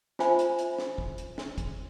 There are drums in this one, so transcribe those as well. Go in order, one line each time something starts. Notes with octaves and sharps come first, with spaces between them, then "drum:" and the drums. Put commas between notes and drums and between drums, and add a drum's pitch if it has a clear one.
F4 C5 E5 G#5 B5, drum: snare
drum: hi-hat
drum: hi-hat
drum: snare
drum: kick
drum: hi-hat
drum: snare
drum: kick, hi-hat